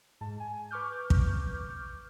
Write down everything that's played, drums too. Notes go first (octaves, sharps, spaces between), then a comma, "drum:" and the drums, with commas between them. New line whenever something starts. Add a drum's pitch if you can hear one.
G#2 A5
G#5
B4 C#6 D6 F6 G6
drum: kick